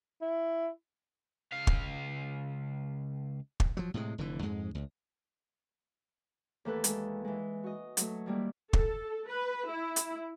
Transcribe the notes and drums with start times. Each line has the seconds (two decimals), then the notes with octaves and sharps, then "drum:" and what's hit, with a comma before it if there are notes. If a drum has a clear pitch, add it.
0.21 E4
1.53 C#2 F5
1.67 drum: kick
3.60 drum: kick
3.77 F3 F#3
3.94 A2 C3 G3 G#3
4.18 F1 D3 E3
4.42 F2 G#2 G#3
4.75 C#2
6.65 D#2 E3 A3 A4 B4 F#6
6.84 G#3 A4, drum: hi-hat
7.25 E3 G#3
7.64 F#4 D#5
7.97 F#3 A3, drum: hi-hat
8.26 D#3 G3 A#3 E4
8.73 A4, drum: kick
9.28 B4
9.68 E4
9.96 drum: hi-hat